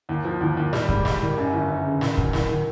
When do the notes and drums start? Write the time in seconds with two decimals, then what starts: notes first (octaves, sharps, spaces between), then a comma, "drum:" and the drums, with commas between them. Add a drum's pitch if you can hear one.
0.09 D#2
0.25 F3
0.41 D#2
0.57 D#2
0.73 G3, drum: snare
0.89 G#2, drum: kick
1.05 G3, drum: snare
1.21 D#3
1.38 F#2
1.53 G1
1.69 F#2
1.85 C#3
2.01 D#3, drum: snare
2.17 F#3, drum: kick
2.33 D#3, drum: snare
2.49 D#3